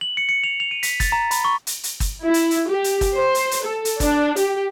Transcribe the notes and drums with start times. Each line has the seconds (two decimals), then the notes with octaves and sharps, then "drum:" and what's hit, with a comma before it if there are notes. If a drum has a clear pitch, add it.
0.01 F#7
0.17 C#7
0.29 C#7
0.44 F7
0.60 F7
0.71 D#7
0.83 B6, drum: hi-hat
1.00 A6, drum: kick, hi-hat
1.12 A#5
1.31 B5, drum: hi-hat
1.45 C#6
1.67 drum: hi-hat
1.84 drum: hi-hat
2.00 drum: kick, hi-hat
2.23 E4
2.34 drum: hi-hat
2.51 drum: hi-hat
2.68 G4
2.84 drum: hi-hat
3.01 drum: kick, hi-hat
3.16 C5
3.35 drum: hi-hat
3.51 drum: hi-hat
3.63 A4
3.85 drum: hi-hat
4.00 D4, drum: kick, hi-hat
4.36 G4, drum: hi-hat